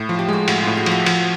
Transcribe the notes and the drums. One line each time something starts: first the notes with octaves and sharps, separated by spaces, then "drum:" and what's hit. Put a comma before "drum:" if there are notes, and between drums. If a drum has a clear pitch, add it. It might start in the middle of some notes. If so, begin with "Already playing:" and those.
Already playing: A2
F3
G4
G#3 F#4
A2 F#4, drum: cymbal
A2 F4
F#4
F3, drum: cymbal
F#4
F3, drum: cymbal